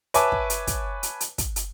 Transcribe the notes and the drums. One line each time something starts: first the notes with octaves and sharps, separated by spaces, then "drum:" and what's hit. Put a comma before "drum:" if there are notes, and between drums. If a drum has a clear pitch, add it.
B4 C#5 E5 G#5 A5 D6, drum: hi-hat
drum: kick
drum: hi-hat
drum: kick, hi-hat
drum: hi-hat
drum: hi-hat
drum: kick, hi-hat
drum: hi-hat